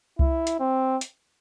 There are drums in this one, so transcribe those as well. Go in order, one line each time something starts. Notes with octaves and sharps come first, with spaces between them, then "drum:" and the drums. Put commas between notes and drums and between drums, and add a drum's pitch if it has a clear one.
E4, drum: kick C2
drum: hi-hat
C4
drum: hi-hat